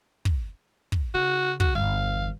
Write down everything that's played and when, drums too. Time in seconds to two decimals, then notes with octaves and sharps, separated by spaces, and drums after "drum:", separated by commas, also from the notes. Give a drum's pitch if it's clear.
0.25 drum: kick
0.92 drum: kick
1.14 C#3 F#4
1.60 F#4, drum: kick
1.75 G1 E2 F5